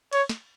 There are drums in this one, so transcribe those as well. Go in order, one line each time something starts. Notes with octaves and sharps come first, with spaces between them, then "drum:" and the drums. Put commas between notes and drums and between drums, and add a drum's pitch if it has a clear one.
C#5, drum: cymbal
drum: snare